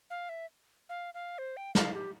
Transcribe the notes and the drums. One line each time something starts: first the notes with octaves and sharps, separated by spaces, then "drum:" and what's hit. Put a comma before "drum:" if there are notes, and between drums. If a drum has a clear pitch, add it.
F5
E5
F5
F5
C5
G5
F5, drum: snare
G4